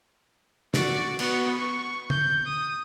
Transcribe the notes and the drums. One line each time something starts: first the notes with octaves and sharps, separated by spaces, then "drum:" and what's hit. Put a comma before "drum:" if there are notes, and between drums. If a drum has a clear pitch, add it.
F#4 D5, drum: snare
B3 F#4, drum: cymbal
C#6
G6, drum: tom
D#6